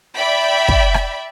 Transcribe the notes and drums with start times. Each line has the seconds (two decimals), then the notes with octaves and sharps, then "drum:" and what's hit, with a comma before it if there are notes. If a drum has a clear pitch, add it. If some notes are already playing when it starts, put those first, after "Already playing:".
0.17 D5 E5 G5 B5
0.68 drum: kick
0.94 drum: rim click